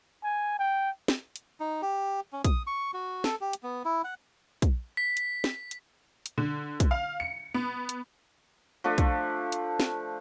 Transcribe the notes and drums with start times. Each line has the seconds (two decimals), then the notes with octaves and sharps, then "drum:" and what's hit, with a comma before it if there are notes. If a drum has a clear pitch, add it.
0.23 G#5
0.59 G5
1.08 drum: snare
1.36 drum: hi-hat
1.60 D#4
1.82 G4
2.33 C#4
2.45 D#6, drum: kick, hi-hat
2.67 C#6
2.94 F#4
3.24 A4, drum: snare
3.41 G4
3.53 drum: hi-hat
3.63 B3
3.85 E4
4.04 F#5
4.62 drum: kick, hi-hat
4.97 B6
5.17 drum: hi-hat
5.44 drum: snare
5.71 drum: hi-hat
6.26 drum: hi-hat
6.38 D3
6.80 drum: kick, hi-hat
6.91 F5
7.20 C#7
7.54 B3
7.89 drum: hi-hat
8.84 F3 A3 D4
8.98 drum: kick, hi-hat
9.52 drum: hi-hat
9.80 drum: snare